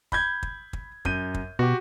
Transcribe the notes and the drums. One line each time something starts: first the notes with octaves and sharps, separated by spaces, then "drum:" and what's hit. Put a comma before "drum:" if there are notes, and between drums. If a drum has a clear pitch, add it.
B5 G6 G#6, drum: kick
drum: kick
drum: kick
F#2 G6 D#7, drum: kick
drum: kick
B2 F#4 G4